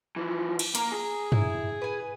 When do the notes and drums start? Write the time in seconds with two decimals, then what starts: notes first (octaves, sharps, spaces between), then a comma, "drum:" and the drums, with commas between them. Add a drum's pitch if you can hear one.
0.16 E3 F3
0.59 drum: cymbal
0.75 A#3 A#5, drum: hi-hat
0.92 G#4
1.32 E4, drum: tom
1.82 B4 G#5